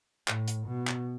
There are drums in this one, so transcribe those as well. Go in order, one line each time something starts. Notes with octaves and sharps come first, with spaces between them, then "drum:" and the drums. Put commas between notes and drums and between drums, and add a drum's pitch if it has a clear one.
A2, drum: clap
drum: hi-hat
B2
drum: clap